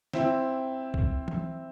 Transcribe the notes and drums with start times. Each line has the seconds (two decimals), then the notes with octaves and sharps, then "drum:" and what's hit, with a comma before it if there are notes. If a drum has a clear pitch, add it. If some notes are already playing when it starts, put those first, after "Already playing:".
0.13 C4 E4, drum: snare
0.94 drum: kick B1
1.28 drum: tom E3